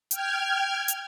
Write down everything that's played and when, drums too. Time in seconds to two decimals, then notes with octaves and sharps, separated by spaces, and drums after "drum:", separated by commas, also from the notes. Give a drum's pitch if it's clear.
0.11 G5 F6 G#6, drum: hi-hat
0.88 drum: hi-hat